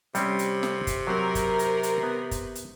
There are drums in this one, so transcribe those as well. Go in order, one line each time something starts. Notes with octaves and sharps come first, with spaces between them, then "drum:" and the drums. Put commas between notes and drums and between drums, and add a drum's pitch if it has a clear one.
C3 G3 C4 C#4, drum: hi-hat
drum: hi-hat
drum: snare
drum: kick, hi-hat
F#3 C4 A#4
drum: kick, hi-hat
drum: hi-hat
drum: hi-hat
B3
drum: kick, hi-hat
drum: hi-hat